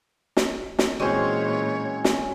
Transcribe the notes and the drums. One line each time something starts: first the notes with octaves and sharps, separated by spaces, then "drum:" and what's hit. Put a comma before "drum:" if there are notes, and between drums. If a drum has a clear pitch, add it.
drum: snare
drum: snare
A#2 E3 F#3 G#3 C4 C#4 C5 C#5
drum: snare